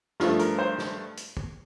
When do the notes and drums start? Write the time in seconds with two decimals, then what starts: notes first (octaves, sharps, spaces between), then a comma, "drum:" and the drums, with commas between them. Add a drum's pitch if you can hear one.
0.20 G2 F3 A3 F4, drum: snare
0.39 A#4, drum: hi-hat
0.59 C5
0.79 drum: snare
1.17 drum: hi-hat
1.37 drum: kick